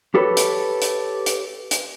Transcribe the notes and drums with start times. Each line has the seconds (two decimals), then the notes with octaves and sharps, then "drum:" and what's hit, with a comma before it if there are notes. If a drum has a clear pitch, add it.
0.15 G4 A4 B4 C#5
0.37 drum: hi-hat
0.82 drum: hi-hat
1.26 drum: hi-hat
1.71 drum: hi-hat